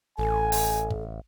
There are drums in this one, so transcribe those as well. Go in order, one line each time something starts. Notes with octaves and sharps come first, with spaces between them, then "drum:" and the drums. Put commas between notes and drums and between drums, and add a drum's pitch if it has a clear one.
A1 A4 G#5
drum: open hi-hat
drum: kick